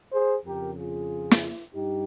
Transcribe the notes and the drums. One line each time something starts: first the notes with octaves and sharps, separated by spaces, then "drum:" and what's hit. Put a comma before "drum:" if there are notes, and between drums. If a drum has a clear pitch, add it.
G#4 C5
F2 C#3 G4 A#4
F4 G#4
drum: snare
G2 D#4 G4